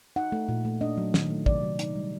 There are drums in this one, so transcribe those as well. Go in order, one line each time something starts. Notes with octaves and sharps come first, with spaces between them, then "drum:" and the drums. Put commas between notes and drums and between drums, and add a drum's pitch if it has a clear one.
D#4 F#5
A3
A#2
A3
D4 D#5
F#3
D#3, drum: snare
A3
C3 D5, drum: kick
F#3
D#4, drum: hi-hat
G3